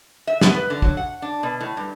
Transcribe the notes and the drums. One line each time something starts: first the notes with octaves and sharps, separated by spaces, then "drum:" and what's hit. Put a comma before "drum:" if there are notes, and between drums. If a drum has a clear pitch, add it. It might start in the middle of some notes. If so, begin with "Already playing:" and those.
E5
B3, drum: snare
B4
D3
F#3, drum: kick
F#5
D4
B2
A2
G2